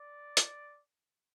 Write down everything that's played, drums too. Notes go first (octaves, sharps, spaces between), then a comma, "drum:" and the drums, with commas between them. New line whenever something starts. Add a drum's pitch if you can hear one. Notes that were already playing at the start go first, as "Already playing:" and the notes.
Already playing: D5
drum: hi-hat